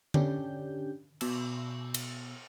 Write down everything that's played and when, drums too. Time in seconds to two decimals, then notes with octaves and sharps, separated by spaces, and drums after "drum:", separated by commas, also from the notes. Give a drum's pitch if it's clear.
0.14 D3 C#4 D4 G4 G6, drum: tom D3
1.21 B2 E6, drum: cymbal
1.94 drum: cymbal